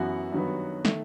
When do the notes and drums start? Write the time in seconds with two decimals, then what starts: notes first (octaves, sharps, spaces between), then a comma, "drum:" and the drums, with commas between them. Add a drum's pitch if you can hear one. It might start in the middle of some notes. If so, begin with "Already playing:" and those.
Already playing: F#2 E3 B3 F#4 F#5
0.32 G2 D#3 F#3 B3
0.85 D#3 A3, drum: snare